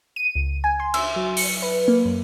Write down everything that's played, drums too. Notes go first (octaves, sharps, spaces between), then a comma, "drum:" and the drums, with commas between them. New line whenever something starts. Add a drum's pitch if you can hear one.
D#7
C#2
G#5
C6
E5, drum: cymbal
F#3
C#7, drum: open hi-hat
B4
A#3
F#2